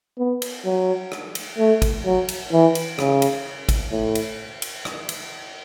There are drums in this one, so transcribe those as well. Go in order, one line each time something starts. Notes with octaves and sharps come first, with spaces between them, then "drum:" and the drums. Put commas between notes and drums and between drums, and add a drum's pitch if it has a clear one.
B3
drum: cymbal
F#3
drum: rim click
drum: cymbal
A3
drum: kick, cymbal
F#3
drum: cymbal
E3
drum: cymbal
C#3, drum: rim click
drum: cymbal
drum: kick, cymbal
A2
drum: cymbal
drum: cymbal
drum: rim click
drum: cymbal